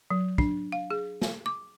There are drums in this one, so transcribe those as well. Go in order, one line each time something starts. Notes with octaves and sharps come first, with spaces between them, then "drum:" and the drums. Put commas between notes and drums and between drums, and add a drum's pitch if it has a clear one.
F#3
D4, drum: kick
F5
G#4
drum: snare
D6